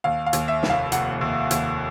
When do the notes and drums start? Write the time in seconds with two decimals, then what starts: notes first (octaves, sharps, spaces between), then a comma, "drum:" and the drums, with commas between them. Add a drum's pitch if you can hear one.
0.04 D#2 F5
0.26 F5
0.33 D#2, drum: hi-hat
0.48 E5
0.63 F1, drum: snare
0.70 F5
0.92 F1 F#5, drum: hi-hat
1.21 D#2
1.51 D#2, drum: hi-hat